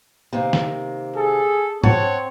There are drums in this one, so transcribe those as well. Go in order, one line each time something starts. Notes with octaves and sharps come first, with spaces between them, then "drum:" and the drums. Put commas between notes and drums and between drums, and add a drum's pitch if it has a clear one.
C3 D#3 A#3
drum: snare
G#4 A4
C4 C#5 F#5 A5, drum: tom G#2